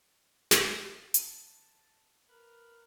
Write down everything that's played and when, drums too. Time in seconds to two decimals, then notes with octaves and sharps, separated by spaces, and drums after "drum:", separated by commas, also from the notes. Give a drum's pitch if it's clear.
0.51 F5, drum: snare
1.14 A5, drum: hi-hat
2.29 A#4 B4